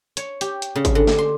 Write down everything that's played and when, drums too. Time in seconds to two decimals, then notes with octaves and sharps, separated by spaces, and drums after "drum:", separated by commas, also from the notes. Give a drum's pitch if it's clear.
0.17 C#5, drum: hi-hat
0.41 G4, drum: hi-hat
0.62 drum: hi-hat
0.76 C#3
0.85 drum: kick G#1, hi-hat
0.95 D3
1.07 drum: snare
1.18 C6